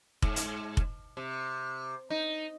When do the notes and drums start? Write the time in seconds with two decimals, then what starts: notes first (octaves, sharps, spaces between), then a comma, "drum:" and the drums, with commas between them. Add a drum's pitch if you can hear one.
0.22 G#2, drum: kick F1
0.36 drum: hi-hat
0.77 drum: kick F1
1.17 C3
2.10 D#4